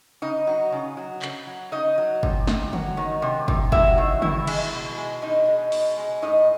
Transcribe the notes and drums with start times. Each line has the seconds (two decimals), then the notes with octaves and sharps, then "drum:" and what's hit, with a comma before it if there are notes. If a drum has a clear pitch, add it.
0.22 C#3 D#4 D#5
0.47 F#3
0.72 C#3
0.97 F#3
1.22 C#3, drum: clap
1.47 F#3
1.72 C#3 D#4 D#5
1.98 F#3
2.23 C3, drum: kick
2.47 C3, drum: snare
2.73 F#3, drum: tom
2.97 D#3
3.22 C3
3.48 C3, drum: kick
3.72 F#3 E4 E5, drum: kick
3.98 D#3
4.22 B2 E4 E5, drum: tom
4.47 G#3, drum: cymbal
4.73 B2
4.98 G#3
5.22 B2 D#4 D#5
5.47 G#3
5.72 B2, drum: open hi-hat
5.98 G#3
6.22 A2 D#4 D#5